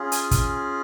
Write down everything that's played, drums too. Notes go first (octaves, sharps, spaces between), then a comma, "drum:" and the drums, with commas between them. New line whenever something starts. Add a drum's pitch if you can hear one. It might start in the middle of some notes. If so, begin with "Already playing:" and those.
Already playing: C#4 F4 G#4
G#5, drum: hi-hat
drum: kick, hi-hat